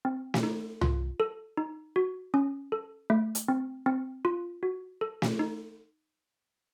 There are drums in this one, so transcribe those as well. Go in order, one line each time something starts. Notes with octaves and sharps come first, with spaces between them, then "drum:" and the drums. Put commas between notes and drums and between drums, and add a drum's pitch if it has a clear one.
C4
drum: snare
D#4
F4, drum: tom C2
A4
D#4
F#4
C#4
A4
A3
drum: hi-hat
C4
C4
F4
F#4
A4
drum: snare
D#4